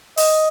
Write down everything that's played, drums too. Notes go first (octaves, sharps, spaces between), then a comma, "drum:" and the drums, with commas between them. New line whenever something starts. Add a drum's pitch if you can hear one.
D#5, drum: open hi-hat